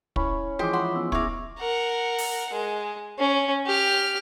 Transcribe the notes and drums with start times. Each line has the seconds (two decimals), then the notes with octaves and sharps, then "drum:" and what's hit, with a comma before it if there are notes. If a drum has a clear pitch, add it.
0.16 C#4 E4 B5, drum: kick
0.59 E3 F3 G#3 C5 G5 D6 D#6 B6
0.73 E5 F#5 C6
0.95 B3 C#4 E6
1.12 E4 G#4 F5 C#6 D6 A#6, drum: kick
1.59 A#4 F#5
2.18 drum: open hi-hat
2.54 G#3
3.19 C#4
3.67 G4 F6